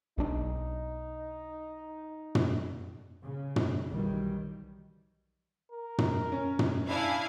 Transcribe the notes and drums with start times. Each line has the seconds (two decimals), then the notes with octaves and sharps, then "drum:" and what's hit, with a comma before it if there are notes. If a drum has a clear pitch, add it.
0.18 B1 D4 D#4
2.35 drum: tom
3.23 C#3
3.56 drum: tom
3.89 B1 D#3 E3 F#3 G3
5.72 A#4
5.98 drum: tom
6.32 C#4
6.59 drum: tom
6.89 D4 E4 F5 G#5